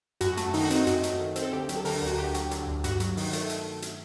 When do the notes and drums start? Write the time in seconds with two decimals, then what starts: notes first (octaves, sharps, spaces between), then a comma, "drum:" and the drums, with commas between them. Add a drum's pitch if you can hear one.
0.21 F#2 F#4, drum: hi-hat
0.37 A3, drum: hi-hat
0.54 D#3 D#4, drum: open hi-hat
0.64 F#4
0.70 C4 D#4, drum: hi-hat
0.87 F#2 F#4, drum: hi-hat
1.03 A3, drum: hi-hat
1.20 D#3
1.36 C4, drum: hi-hat
1.42 A4
1.53 D2 G4
1.69 F#3, drum: hi-hat
1.76 A4
1.85 D3 A#4, drum: open hi-hat
2.02 D2 F#4
2.18 D2 G4
2.34 F#3, drum: hi-hat
2.51 D3, drum: hi-hat
2.67 D2
2.84 G2 F#4, drum: hi-hat
3.00 F#3, drum: hi-hat
3.17 D#3, drum: open hi-hat
3.33 A3, drum: hi-hat
3.49 drum: hi-hat
3.82 drum: hi-hat